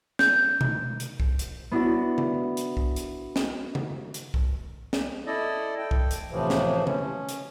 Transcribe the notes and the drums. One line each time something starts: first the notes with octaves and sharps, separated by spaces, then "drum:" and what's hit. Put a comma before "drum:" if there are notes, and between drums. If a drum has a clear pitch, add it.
G6, drum: snare
drum: tom B2
drum: hi-hat
drum: kick C2
drum: hi-hat
B3 D4 E4 F#4
drum: tom C#3
drum: hi-hat
drum: kick C2
drum: hi-hat
drum: snare
drum: tom C#3
drum: hi-hat
drum: kick C2
drum: snare
E4 A4 D5 D#5
A4 G5
drum: kick C2
drum: hi-hat
A2 C3 E3 F3
drum: snare
C#4, drum: tom C#3
drum: hi-hat